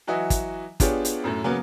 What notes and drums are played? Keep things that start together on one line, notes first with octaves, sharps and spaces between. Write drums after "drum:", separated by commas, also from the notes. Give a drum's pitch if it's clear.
E3 F#3 F#4 D#5 E5
drum: kick, hi-hat
B3 D4 F4 G4 G#4 C#5, drum: kick, hi-hat
drum: hi-hat
F#2 A2
C#3 F#3 A#3 B3